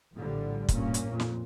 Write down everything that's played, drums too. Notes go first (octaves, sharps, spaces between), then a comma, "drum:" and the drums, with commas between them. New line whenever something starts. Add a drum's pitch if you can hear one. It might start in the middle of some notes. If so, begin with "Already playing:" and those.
A#1 A2 D3 G3
A1 G2 A#2 A#3 C#4, drum: kick, hi-hat
drum: hi-hat
F2 A#2
drum: snare